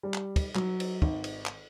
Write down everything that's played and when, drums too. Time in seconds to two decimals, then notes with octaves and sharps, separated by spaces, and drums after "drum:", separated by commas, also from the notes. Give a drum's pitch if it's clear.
0.03 G3
0.14 drum: clap
0.36 drum: kick, cymbal
0.55 F#3, drum: clap
0.80 drum: cymbal
1.02 G#1, drum: kick
1.24 drum: cymbal
1.46 drum: clap